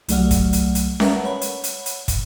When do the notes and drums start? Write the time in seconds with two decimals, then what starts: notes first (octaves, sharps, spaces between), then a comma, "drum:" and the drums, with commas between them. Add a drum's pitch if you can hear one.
0.08 C2 F#3 A3 D5 F#5 F6, drum: hi-hat
0.31 drum: kick, hi-hat
0.53 drum: hi-hat
0.75 drum: hi-hat
1.00 A#4 B4 E5 F#5 A5 A#5, drum: snare C#4
1.25 C#5 F#5 B5
1.41 drum: hi-hat
1.64 drum: hi-hat
1.86 drum: hi-hat
2.08 drum: kick, hi-hat